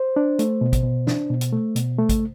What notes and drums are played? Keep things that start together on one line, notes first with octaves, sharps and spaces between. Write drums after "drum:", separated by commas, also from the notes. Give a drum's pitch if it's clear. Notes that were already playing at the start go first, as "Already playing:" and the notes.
Already playing: C5
D4
A3, drum: hi-hat
B2
drum: kick A1, hi-hat
B2
D4, drum: snare
B2
drum: hi-hat
A3
B2, drum: hi-hat
A3
drum: kick A1, hi-hat